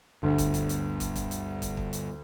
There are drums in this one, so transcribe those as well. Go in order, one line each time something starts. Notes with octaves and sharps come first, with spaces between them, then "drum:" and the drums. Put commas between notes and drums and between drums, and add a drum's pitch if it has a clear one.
G1 D2
drum: kick, hi-hat
drum: kick, hi-hat
drum: hi-hat
drum: kick, hi-hat
drum: kick, hi-hat
drum: hi-hat
drum: kick, hi-hat
drum: kick
drum: hi-hat